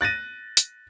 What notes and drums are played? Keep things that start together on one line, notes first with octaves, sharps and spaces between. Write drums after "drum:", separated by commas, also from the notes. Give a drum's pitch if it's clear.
F#6 A6 A#6 D#7
drum: hi-hat